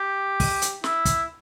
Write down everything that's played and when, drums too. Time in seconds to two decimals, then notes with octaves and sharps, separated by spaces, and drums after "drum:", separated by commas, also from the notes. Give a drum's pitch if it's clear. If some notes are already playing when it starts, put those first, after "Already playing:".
Already playing: G4
0.40 drum: kick, open hi-hat
0.62 drum: hi-hat
0.84 E4, drum: snare
1.05 drum: kick, hi-hat